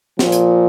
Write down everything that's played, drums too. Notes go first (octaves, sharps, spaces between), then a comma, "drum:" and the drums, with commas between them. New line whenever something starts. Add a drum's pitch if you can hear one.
A#2 F3, drum: snare
drum: hi-hat